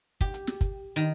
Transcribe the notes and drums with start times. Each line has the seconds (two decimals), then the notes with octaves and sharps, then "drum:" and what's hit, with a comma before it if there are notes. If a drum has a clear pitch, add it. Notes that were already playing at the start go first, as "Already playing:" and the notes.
0.21 G4, drum: kick, hi-hat
0.34 drum: hi-hat
0.47 drum: snare
0.61 drum: kick, hi-hat
0.96 D#3